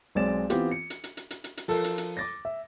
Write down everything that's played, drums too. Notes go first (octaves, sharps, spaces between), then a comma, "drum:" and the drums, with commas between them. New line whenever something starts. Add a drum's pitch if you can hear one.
B1 G#3 C4 D5 A6 E7
E3 B3 C4 F4 G4, drum: hi-hat
C#7
drum: hi-hat
drum: hi-hat
drum: hi-hat
drum: hi-hat
drum: hi-hat
drum: hi-hat
F3 A4 A#4, drum: open hi-hat
drum: hi-hat
drum: hi-hat
D6 A6 A#6
E5